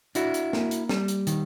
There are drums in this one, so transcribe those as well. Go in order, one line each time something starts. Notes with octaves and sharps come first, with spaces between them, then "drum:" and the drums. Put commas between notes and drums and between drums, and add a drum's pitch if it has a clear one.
D4 E4 F#4, drum: hi-hat
drum: hi-hat
A#3, drum: snare
drum: hi-hat
G3, drum: snare
drum: hi-hat
D#3, drum: hi-hat